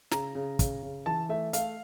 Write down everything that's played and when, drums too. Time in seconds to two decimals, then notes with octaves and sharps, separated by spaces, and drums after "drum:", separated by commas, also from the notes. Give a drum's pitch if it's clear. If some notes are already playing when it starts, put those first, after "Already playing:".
0.11 C#3 A#5, drum: snare
0.35 C#3
0.59 C#3, drum: kick, hi-hat
0.83 C#3
1.06 E3 A5
1.29 A3 E5
1.53 A3 F5, drum: hi-hat